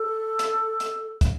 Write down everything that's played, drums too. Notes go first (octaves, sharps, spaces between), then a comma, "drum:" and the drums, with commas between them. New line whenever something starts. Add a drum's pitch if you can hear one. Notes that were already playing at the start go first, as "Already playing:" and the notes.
Already playing: A4
drum: hi-hat
drum: hi-hat
drum: kick, hi-hat